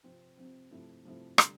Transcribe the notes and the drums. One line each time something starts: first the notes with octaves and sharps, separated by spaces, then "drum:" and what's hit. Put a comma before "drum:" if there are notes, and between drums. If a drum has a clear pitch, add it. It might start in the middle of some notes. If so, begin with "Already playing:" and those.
C3 F3 C4
C3 F3 C4
C3 F3 A3 C4 E4
C3 F3 A3 C4 E4
D3 G3, drum: rim click